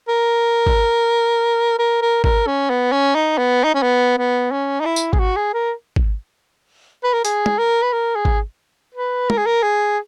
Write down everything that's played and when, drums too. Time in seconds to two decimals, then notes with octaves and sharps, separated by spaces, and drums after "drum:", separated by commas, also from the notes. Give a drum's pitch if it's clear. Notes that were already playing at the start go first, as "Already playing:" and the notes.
0.08 A#4
0.66 drum: kick G#1
1.79 A#4
2.02 A#4
2.24 A#4, drum: kick G#1
2.47 C#4
2.70 B3
2.92 C#4
3.15 D#4
3.38 B3
3.64 D#4
3.75 C#4
3.83 B3
4.18 B3
4.52 C#4
4.80 D#4
4.86 E4
4.96 drum: tambourine
5.13 G#4, drum: kick G#1
5.19 F#4
5.36 G#4
5.54 A#4
5.96 drum: kick G#1
7.04 B4
7.13 A#4
7.25 G#4, drum: hi-hat
7.46 drum: tom
7.58 A#4
7.83 B4
7.93 A#4
8.15 G#4
8.25 drum: kick G#1
8.95 B4
9.30 A#4, drum: tom
9.38 G#4
9.46 A#4
9.63 G#4